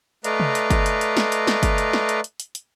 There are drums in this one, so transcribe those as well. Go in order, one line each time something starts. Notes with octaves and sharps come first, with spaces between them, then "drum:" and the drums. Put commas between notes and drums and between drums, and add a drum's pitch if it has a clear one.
A3 B4 D5 D#5 F5 A#5, drum: hi-hat
drum: tom C3
drum: hi-hat
drum: kick G1, hi-hat
drum: hi-hat
drum: hi-hat
drum: snare
drum: hi-hat
drum: snare
drum: kick G1, hi-hat
drum: hi-hat
drum: snare
drum: hi-hat
drum: hi-hat
drum: hi-hat
drum: hi-hat